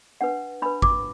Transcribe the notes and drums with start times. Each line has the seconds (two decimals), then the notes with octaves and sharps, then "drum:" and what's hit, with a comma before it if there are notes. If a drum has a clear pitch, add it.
0.21 D4 B4 F#5
0.62 D4 B4 B5
0.82 D6, drum: kick G#1